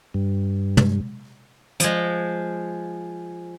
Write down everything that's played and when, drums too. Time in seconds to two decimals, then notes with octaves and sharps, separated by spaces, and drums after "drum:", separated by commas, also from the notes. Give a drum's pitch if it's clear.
0.14 G2
0.77 drum: tom
1.80 F3 G#3, drum: hi-hat